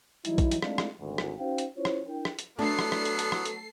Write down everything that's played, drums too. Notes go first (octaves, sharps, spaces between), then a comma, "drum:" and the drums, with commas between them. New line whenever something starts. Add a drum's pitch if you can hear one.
E3 F#3 G3 D#4 E4, drum: hi-hat
drum: kick, hi-hat
drum: hi-hat
G#3 A3 C4 D4 D#4 F4, drum: rim click
drum: rim click
G#1 D2
drum: rim click
C#4 D#4 F#4 C5 F5 G5
drum: hi-hat
C#4 E4 F4 C5 C#5
drum: rim click
D4 E4 A#4 G5
drum: rim click
drum: hi-hat
F#3 A3 B3 D4 A4 C7
drum: rim click
drum: rim click
drum: hi-hat
drum: hi-hat
drum: rim click
drum: hi-hat